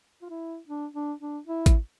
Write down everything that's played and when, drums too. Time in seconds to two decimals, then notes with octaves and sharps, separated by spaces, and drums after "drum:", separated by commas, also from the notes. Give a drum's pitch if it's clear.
0.21 F4
0.30 E4
0.68 D4
0.95 D4
1.21 D4
1.47 E4
1.66 drum: kick, hi-hat